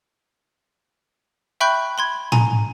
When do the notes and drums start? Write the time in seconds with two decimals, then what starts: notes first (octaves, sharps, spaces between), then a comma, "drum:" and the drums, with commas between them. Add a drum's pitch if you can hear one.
1.61 E5 G5 B5 C#6 F#6 G6
1.98 B5 C6 G#6
2.32 G#5 A#5, drum: tom A2